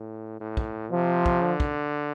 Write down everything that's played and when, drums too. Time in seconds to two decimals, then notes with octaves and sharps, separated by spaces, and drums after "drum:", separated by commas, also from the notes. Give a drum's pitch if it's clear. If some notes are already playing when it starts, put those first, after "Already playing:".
Already playing: A2
0.40 A2
0.57 drum: kick
0.92 C3 F3
1.26 drum: kick
1.43 D3
1.60 drum: kick